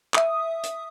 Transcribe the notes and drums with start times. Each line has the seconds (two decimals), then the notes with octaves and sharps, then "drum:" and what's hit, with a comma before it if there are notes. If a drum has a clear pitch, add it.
0.14 E5 D#6, drum: clap
0.63 drum: hi-hat